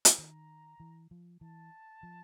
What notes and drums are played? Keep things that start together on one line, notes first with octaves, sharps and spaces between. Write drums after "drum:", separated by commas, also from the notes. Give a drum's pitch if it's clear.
drum: hi-hat
D#3 A#5
E3
F3
E3 A5
F3